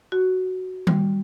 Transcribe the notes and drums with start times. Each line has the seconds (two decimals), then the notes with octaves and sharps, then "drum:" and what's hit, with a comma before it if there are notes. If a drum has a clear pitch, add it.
0.12 F#4
0.87 G3, drum: tom D#3